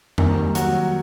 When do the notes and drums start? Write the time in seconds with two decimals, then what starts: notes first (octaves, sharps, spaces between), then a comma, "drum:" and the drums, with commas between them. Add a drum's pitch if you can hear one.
0.18 D#3 G3 A#3, drum: tom F2
0.55 F#3 F#4, drum: hi-hat